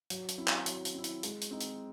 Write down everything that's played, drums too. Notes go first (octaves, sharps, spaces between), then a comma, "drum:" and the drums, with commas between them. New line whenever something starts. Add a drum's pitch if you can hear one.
F#3, drum: hi-hat
drum: hi-hat
C4 E4
drum: clap
F#3, drum: hi-hat
drum: hi-hat
C4 E4
drum: hi-hat
G#3, drum: hi-hat
drum: hi-hat
C4 D#4
drum: hi-hat